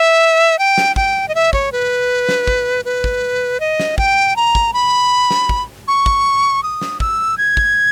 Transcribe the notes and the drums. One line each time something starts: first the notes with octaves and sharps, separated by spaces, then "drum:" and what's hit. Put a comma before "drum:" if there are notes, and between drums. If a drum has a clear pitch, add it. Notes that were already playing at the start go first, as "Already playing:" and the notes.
Already playing: E5
G5
drum: snare
G5, drum: kick
D#5
E5
C#5, drum: kick
B4
drum: snare
drum: kick
B4
drum: kick
D#5
drum: snare
G5, drum: kick
A#5
drum: kick
B5
drum: snare
drum: kick
C#6
drum: kick
D#6
drum: snare
E6, drum: kick
G#6
drum: kick